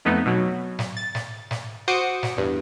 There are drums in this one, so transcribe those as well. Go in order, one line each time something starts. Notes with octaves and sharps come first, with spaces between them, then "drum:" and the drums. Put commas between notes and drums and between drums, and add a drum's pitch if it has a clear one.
F2 A3 B3 D#4
B2 F#3
drum: snare
A6
drum: snare
drum: snare
F#4 C5 D6 D#6 C#7
drum: snare
E2 G2